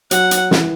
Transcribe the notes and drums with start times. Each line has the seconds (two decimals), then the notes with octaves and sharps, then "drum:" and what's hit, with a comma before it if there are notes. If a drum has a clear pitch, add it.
0.11 F#3 F#5, drum: hi-hat
0.31 drum: hi-hat
0.51 E3, drum: snare